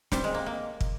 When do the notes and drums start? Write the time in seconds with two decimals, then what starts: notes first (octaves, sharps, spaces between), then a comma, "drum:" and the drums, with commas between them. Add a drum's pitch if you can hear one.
0.12 G3 C4, drum: snare
0.24 G#3
0.34 A#3
0.46 A#3
0.81 drum: kick